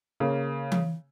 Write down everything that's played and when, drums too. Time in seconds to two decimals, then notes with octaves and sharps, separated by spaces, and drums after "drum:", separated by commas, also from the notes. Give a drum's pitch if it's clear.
0.20 C#3 A#3
0.72 drum: tom E3